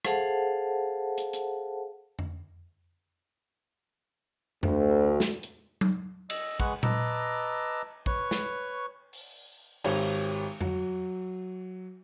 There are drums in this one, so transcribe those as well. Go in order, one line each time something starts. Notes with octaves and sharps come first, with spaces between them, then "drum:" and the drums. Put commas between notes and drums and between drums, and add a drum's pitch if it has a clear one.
G#4 A4 C5 F5 F#5 A5, drum: rim click
drum: hi-hat
drum: hi-hat
drum: tom F2
D2, drum: tom F2
drum: snare
drum: hi-hat
drum: tom F#3
D#5 E6, drum: cymbal
G#3 G#4 B4 F#5 C#6, drum: kick
B4 D#5 A5 A#5 D6 E6, drum: tom A#2
B4 C#5 C#6, drum: kick
drum: snare
drum: open hi-hat
G#1 G4 C#5, drum: cymbal
F#3, drum: tom F2